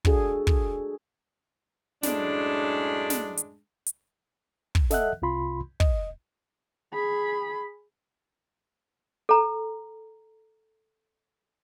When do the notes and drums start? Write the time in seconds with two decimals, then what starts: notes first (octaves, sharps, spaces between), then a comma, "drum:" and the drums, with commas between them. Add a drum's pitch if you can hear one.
0.05 D4 F#4 G#4 A4, drum: kick
0.47 drum: kick
2.03 F#2 A2 G#3 D4, drum: snare
3.10 drum: snare
3.37 drum: hi-hat
3.86 drum: hi-hat
4.75 drum: kick
4.91 A4 D#5 E5 F#5 F#6, drum: snare
5.22 C2 C3 F4 B5 C6
5.80 D#5, drum: kick
6.93 G#4 B5
9.29 A4 A#5